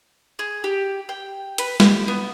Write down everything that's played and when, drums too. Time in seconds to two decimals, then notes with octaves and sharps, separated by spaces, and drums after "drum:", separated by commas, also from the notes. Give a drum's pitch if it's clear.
0.39 G#4
0.64 G4
1.09 G5
1.58 B4, drum: hi-hat
1.80 G4, drum: snare
2.08 B3